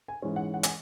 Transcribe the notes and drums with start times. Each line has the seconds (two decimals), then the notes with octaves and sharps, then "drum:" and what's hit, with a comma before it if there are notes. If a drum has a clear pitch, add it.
0.08 G#5
0.22 G#2 E3 G#3 C#4
0.36 F#5
0.54 F#5
0.63 G#5, drum: hi-hat